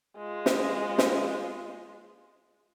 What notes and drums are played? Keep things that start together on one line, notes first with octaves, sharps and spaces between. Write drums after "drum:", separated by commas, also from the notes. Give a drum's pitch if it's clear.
G#3 F4
drum: snare
drum: snare